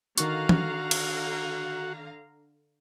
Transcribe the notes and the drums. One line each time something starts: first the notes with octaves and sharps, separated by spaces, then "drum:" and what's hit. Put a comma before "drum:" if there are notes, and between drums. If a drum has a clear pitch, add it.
D3 D#3 F#4 F5 A#5 C#6, drum: hi-hat
drum: tom E3
drum: cymbal